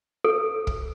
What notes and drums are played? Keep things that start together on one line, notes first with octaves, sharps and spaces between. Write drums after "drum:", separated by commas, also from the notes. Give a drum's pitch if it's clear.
A4
drum: kick